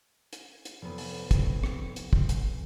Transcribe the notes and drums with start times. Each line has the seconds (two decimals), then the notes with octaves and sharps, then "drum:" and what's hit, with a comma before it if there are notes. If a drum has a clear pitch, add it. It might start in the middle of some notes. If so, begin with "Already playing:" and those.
0.33 drum: hi-hat
0.65 drum: hi-hat
0.82 F1 B3
0.98 drum: open hi-hat
1.31 drum: kick, hi-hat
1.64 drum: rim click
1.96 drum: hi-hat
2.13 drum: kick
2.29 drum: hi-hat